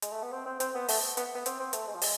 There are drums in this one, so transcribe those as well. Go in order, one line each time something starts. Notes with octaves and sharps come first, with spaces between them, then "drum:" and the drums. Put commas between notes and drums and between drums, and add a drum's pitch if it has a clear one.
G#3, drum: hi-hat
A3
B3
C4
C4
C4, drum: hi-hat
B3
A3, drum: open hi-hat
B3, drum: hi-hat
B3
C4, drum: hi-hat
C4
A3, drum: hi-hat
G#3
F3
G#3, drum: open hi-hat